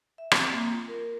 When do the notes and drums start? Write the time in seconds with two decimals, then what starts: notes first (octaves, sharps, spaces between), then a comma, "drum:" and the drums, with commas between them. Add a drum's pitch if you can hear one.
0.18 E5
0.31 C4, drum: rim click
0.52 A#3
0.72 F4
0.88 A#4